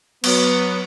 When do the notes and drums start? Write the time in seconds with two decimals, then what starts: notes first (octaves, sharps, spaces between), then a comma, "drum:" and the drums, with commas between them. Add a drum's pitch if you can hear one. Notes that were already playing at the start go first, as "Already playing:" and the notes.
0.24 F#3 B3, drum: cymbal